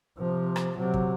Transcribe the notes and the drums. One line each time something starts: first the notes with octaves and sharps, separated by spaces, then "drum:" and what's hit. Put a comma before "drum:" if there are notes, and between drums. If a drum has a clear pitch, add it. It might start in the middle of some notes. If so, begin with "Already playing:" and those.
C3 F3
drum: rim click
C3 F#3
drum: kick